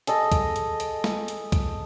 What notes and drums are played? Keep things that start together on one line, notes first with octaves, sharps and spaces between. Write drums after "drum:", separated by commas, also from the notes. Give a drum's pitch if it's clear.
G#4 A4 D#5, drum: hi-hat
drum: kick C2, hi-hat
drum: hi-hat
drum: hi-hat
drum: snare
drum: hi-hat
drum: kick C2, hi-hat